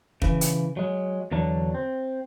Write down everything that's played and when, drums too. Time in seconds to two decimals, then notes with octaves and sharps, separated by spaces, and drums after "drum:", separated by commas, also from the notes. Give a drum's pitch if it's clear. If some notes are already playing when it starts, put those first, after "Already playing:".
0.22 C#3 E3, drum: kick
0.41 drum: hi-hat
0.77 F#3 G#3
1.31 E2 D3 F#3 D4
1.74 C4